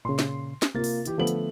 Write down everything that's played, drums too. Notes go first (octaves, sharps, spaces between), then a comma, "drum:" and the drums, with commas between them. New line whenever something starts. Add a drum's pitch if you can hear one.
A#2 C#3 C6
drum: snare
drum: snare
C3 A#3 F4 A6
drum: open hi-hat
E3 G4, drum: hi-hat
D3 F3 A3 B3 F#7
drum: hi-hat